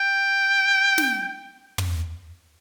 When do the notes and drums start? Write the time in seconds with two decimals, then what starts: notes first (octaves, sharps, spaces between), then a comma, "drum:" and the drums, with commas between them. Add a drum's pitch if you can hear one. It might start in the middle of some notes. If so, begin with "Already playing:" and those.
Already playing: G5
0.98 drum: snare
1.78 drum: tom